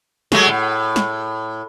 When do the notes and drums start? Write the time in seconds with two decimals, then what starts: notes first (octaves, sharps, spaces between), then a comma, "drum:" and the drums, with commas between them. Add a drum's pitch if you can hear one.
0.32 F#3 G#3 A3, drum: snare
0.48 A2
0.96 drum: snare